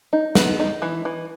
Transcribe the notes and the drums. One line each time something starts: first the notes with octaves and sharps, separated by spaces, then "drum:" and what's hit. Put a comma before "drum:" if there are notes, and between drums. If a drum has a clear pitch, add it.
D#4
B3, drum: snare
D#4
E3
E3